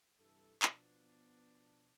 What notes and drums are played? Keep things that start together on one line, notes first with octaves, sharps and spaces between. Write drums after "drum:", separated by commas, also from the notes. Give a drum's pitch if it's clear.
C2 G2 E3 E4 A4
B2 F3 B3 D4, drum: clap